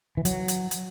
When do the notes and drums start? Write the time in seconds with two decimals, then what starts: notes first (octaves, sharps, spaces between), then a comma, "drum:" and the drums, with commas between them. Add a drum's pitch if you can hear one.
0.17 E3
0.25 F#3, drum: hi-hat
0.48 drum: hi-hat
0.71 drum: hi-hat